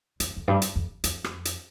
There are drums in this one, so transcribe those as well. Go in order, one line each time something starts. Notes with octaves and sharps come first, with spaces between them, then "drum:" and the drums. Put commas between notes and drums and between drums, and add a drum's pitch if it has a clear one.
F2, drum: hi-hat
F2
G2
drum: hi-hat
F2
F2, drum: hi-hat
drum: rim click
drum: hi-hat